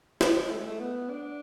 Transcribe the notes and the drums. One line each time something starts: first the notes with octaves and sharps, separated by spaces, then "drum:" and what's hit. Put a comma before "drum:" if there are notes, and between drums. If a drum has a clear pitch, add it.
G#3, drum: snare
A3
G#3
A3
B3
D4